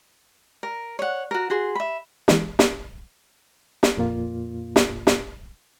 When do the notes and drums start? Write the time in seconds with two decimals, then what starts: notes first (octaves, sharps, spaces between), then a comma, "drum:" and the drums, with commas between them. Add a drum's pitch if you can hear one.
0.63 A#4
0.99 C#5 F#5
1.31 F#4 A#4
1.50 F#4 G#4 C6
1.75 E5 B5
2.28 E3 G#3, drum: snare
2.59 drum: snare
3.83 drum: snare
3.97 F2 A#2 A#3 F4
4.76 drum: snare
5.07 drum: snare